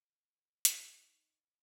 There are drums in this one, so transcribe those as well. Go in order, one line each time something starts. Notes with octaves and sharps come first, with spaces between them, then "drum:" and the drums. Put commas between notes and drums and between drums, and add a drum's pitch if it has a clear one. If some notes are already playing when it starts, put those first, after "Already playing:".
D#4 D#5 G#5, drum: hi-hat